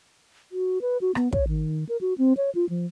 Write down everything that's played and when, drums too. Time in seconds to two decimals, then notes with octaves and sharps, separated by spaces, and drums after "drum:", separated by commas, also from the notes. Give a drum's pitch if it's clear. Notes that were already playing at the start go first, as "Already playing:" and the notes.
0.52 F#4
0.81 B4
1.01 F#4
1.15 B3, drum: rim click
1.33 C#5, drum: kick
1.48 D#3
1.89 A#4
2.01 F#4
2.18 C4
2.37 C#5
2.55 F4
2.69 F3